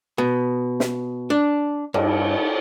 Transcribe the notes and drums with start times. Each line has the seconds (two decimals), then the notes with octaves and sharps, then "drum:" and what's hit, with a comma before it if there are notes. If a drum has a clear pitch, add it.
0.18 B2
0.80 drum: snare
1.30 D4
1.94 G2, drum: cymbal